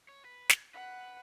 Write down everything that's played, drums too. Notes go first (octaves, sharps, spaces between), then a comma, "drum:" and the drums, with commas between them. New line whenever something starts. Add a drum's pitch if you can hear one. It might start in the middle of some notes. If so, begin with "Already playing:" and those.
C#5
B4
drum: snare
B4 F#5